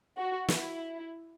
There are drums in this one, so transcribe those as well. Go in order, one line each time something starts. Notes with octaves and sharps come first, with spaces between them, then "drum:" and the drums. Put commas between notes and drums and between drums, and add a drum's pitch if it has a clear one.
F#4
E4, drum: snare